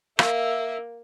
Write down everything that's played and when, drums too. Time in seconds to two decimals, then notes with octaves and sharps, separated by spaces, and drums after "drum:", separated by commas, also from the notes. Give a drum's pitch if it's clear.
0.19 A#3 E5 F5, drum: rim click